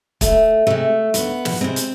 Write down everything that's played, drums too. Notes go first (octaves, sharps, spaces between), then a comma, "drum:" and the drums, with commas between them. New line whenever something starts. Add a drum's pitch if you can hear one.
D2 A3, drum: kick, hi-hat
C3 G#3 A3
D2 B3, drum: hi-hat
drum: snare
C3 G#3 C4
drum: hi-hat